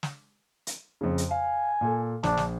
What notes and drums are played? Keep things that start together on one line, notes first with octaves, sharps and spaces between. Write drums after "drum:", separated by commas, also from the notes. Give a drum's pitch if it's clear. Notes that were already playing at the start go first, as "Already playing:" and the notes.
drum: snare
drum: hi-hat
F2 C#3
drum: hi-hat
F5 G#5
A#2 A4
A#1 D4, drum: snare
drum: snare